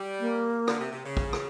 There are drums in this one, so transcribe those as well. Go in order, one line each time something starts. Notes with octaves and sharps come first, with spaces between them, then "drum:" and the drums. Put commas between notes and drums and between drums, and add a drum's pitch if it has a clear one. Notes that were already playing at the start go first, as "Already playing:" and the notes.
Already playing: G3
A#3
D3, drum: rim click
C3
C3
C#3
drum: kick
drum: rim click